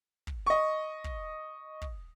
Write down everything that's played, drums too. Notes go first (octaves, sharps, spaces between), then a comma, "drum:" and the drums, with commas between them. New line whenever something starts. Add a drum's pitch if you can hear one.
drum: kick
D#5 C#6
drum: kick
drum: kick